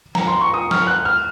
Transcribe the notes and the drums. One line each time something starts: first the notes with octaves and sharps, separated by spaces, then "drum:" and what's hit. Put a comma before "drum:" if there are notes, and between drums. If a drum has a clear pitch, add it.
A#5, drum: snare
C6
C#6
D#6
F6, drum: snare
F#6
F6